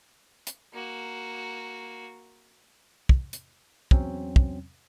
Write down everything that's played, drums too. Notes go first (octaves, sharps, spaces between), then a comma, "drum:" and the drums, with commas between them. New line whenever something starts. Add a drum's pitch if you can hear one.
drum: hi-hat
A#3 F#4
drum: kick
drum: hi-hat
E2 F#3 C4 C#4, drum: kick
drum: kick